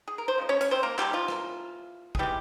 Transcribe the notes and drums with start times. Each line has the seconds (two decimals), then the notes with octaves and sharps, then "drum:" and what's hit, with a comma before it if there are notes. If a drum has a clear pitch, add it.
0.08 G#4
0.18 A#4
0.28 C5
0.38 C#3 F3 G#3
0.49 C#4 C#5
0.61 C#4 C#5, drum: hi-hat
0.71 C4 C5
0.83 A#3 A#4
0.99 G3 G4, drum: clap
1.13 F3 F4
1.28 E3 A#3, drum: rim click
2.15 G#4, drum: kick
2.19 E3 G3 G#3 G4